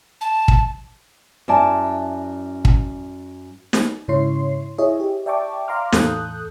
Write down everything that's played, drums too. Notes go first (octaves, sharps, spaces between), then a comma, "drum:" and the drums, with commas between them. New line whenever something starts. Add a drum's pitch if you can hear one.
A5
drum: kick
F#2 E4 D5 G#5 A5
drum: kick
drum: snare
G#2 C#3 E4 C#5 C6 C7
E4 G#4 C#5 D#5 E5
G4
D5 E5 G5 A5 C#6 D6
F5 A#5 C6 D6 F6
E2 A2 A4 D#6 F#6 G6, drum: snare